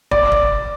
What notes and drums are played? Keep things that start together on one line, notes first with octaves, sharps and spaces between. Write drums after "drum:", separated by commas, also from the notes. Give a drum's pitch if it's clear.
D5, drum: kick
drum: kick